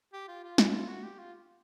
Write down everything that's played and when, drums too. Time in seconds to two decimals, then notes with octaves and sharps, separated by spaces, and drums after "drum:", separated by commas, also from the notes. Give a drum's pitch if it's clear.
0.13 G4
0.28 F4
0.43 F4
0.58 E4, drum: snare
0.73 F4
0.89 F#4
1.04 G4
1.19 F4